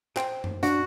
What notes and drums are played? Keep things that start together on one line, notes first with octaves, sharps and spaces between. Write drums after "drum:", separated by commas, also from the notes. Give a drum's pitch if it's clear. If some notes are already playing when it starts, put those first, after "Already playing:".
C5 G5, drum: clap
drum: tom F#2
D4 F#4, drum: hi-hat